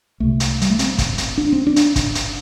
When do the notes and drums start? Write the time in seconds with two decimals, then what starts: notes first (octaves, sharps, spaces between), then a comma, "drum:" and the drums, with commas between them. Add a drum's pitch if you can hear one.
0.20 C2 C3 A3
0.40 drum: hi-hat
0.61 G3, drum: hi-hat
0.70 A3
0.79 C4, drum: hi-hat
0.98 drum: kick, hi-hat
1.18 drum: hi-hat
1.38 D4
1.52 C4
1.67 D4
1.76 drum: hi-hat
1.96 drum: kick, hi-hat
2.15 drum: hi-hat